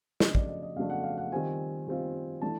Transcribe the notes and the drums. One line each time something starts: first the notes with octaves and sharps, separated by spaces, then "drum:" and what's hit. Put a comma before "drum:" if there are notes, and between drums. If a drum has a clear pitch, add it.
F2 C#3 F#3 A3 D4 D#5, drum: snare
D5, drum: kick
D#5
D#5
F2 C#3 F#3 A3 D4 F5
F#5
F5
F#5
D#3 G3 C4 F4 G#5
D#3 G3 C4 F4
E3 A3 D4 A5